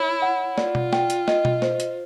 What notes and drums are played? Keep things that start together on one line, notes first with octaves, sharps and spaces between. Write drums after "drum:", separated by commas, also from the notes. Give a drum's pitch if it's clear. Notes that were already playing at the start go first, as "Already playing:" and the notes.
Already playing: E4 C#5
F#5
F4 D5, drum: snare
drum: tom B2
G5, drum: snare
drum: hi-hat
D#5, drum: snare
drum: tom B2
C5, drum: snare
drum: hi-hat